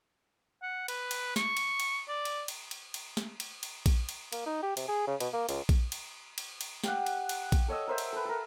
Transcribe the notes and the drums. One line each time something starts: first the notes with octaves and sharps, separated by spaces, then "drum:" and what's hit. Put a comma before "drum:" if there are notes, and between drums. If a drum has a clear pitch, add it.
F#5
B4, drum: cymbal
drum: cymbal
C#6, drum: snare
drum: cymbal
drum: cymbal
D5
drum: cymbal
drum: cymbal
drum: cymbal
drum: cymbal
drum: snare
drum: cymbal
drum: cymbal
drum: kick A#1, cymbal
drum: cymbal
A#3, drum: cymbal
D#4
G4
C3, drum: cymbal
G#4
C#3
B2, drum: cymbal
A#3
C#2, drum: cymbal
drum: kick A#1, cymbal
drum: cymbal
drum: cymbal
drum: cymbal
G4 F5 F#5, drum: snare
drum: cymbal
drum: cymbal
drum: kick A#1, cymbal
A4 C#5 D#5 E6
A#4 C5 E5
drum: cymbal
A4 B4
A4 A#4